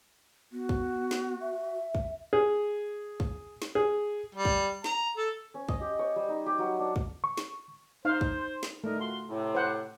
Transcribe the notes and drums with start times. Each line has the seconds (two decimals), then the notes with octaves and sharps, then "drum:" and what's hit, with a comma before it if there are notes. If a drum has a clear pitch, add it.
0.52 B3 F#4
0.69 drum: kick
1.11 drum: snare
1.41 E5
1.95 drum: kick
2.33 G#4
3.20 drum: kick
3.62 drum: snare
3.75 G#4
4.35 G3
4.45 drum: kick
4.84 A#5, drum: snare
5.17 A4
5.54 C#4
5.69 D#5, drum: kick
5.81 G4
5.99 C#5
6.16 G3
6.29 D#4
6.46 G4
6.59 F#3
6.79 D4
6.96 drum: kick
7.24 C#6
7.37 drum: snare
8.05 D#4 C5 F5
8.21 drum: kick
8.63 drum: snare
8.84 A3 D4 D#4 A#4
8.99 F4 F#4 C6
9.29 A2 C3
9.55 C5 F#5